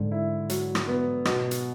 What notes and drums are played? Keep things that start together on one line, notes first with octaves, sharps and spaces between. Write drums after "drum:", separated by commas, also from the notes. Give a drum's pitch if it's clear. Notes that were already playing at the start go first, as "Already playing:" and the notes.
Already playing: G#2 D3 G#3
E4
F#3, drum: hi-hat
drum: rim click
B3
B2, drum: rim click
drum: hi-hat